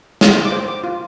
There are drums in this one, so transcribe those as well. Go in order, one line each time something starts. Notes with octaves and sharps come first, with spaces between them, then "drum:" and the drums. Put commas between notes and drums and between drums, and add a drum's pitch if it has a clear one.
F4 D#6, drum: snare
D6
C5
D6
F4